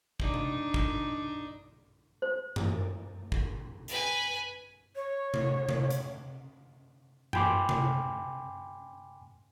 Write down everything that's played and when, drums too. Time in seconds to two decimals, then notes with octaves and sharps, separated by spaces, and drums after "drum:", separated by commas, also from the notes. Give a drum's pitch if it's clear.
0.20 D4 D#4, drum: kick
0.34 drum: tom C3
0.74 drum: kick
2.22 C5
2.56 drum: tom F#2
3.32 drum: kick
3.88 B4 G#5, drum: hi-hat
4.96 C#5
5.34 drum: tom C3
5.69 drum: tom C3
5.90 drum: hi-hat
7.33 G5 G#5 B5 C6 D6, drum: tom F#2
7.69 drum: tom C3